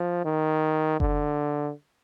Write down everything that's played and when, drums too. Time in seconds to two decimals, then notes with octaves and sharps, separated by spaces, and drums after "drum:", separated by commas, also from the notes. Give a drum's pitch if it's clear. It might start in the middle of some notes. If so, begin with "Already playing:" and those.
Already playing: F3
0.25 D#3
1.00 D3, drum: kick F#1